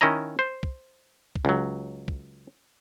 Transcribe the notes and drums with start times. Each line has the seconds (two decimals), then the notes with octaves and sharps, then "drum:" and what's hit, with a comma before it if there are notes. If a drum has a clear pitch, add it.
0.01 D#3 C#4 E4 D#5 A#5
0.39 C5
0.63 drum: kick
1.36 drum: kick
1.45 C#2 F#3
2.08 drum: kick